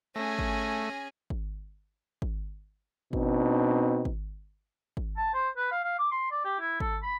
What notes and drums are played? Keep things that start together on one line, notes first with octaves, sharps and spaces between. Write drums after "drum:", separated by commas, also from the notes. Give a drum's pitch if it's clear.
A3 C#4 G#4 G#5 A#6
drum: kick G#1
drum: kick G#1
drum: kick G#1
B2 C4 D4 D#4, drum: kick G#1
drum: kick G#1
drum: kick G#1
A5
C5
B4
F5
F5
D6
C6
D5
G4
E4
A4, drum: kick G#1
B5